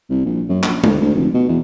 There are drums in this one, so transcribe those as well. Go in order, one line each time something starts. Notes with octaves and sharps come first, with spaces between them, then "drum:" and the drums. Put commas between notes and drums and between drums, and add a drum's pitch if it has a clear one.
C2
A#1
F#2
A#1, drum: clap
D2, drum: tom G#3
D2
F1
B2
E2